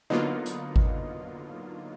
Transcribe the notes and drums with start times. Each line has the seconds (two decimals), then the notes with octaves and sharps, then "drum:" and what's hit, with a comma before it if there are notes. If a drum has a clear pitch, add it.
0.10 D3 F#3 A#3 B3 D#4 F4
0.46 drum: hi-hat
0.76 drum: kick G#1